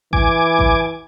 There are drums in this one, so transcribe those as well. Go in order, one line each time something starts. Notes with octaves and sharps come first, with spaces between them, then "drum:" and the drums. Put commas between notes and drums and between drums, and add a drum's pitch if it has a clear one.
E3 G#5 D6, drum: kick A1
drum: kick A1